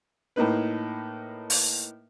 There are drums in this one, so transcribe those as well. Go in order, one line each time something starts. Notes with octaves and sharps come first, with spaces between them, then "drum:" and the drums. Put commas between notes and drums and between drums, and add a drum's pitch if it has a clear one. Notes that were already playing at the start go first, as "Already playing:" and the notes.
A2 A#3 D#4 B4
drum: open hi-hat